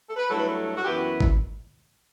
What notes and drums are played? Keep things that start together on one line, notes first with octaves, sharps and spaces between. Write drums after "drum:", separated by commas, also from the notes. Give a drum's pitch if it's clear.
A4
B4
G2 F#3 A3 E4 A4
B4
A4
F#4
F#2 E3 B3 E4 G4
F#4
drum: kick